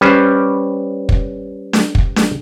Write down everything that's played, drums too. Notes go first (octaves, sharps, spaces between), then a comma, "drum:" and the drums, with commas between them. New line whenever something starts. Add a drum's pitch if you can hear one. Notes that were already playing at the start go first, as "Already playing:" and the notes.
G3 C#4 B4 C5
drum: kick
drum: snare D4
drum: kick
drum: snare D4